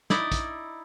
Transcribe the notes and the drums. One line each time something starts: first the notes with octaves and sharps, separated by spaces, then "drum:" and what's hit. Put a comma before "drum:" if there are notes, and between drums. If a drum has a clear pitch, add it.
D#4 E4 D5, drum: snare
drum: kick, hi-hat